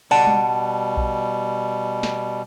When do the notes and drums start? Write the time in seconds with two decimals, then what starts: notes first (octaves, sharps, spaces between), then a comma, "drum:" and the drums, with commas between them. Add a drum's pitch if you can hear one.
0.11 B2 G3 D5 F#5 A5, drum: open hi-hat
0.27 drum: tom G3
0.97 drum: kick A#1
2.03 drum: snare